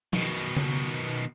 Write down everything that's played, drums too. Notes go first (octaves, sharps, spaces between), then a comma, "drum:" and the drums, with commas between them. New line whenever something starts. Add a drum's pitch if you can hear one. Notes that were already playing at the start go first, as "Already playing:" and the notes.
B2 D#3, drum: tom F3
drum: tom C#3